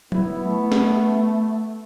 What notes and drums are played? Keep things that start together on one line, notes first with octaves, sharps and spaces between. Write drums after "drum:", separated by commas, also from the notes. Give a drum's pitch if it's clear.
B3 E4, drum: tom F#3
A3
drum: snare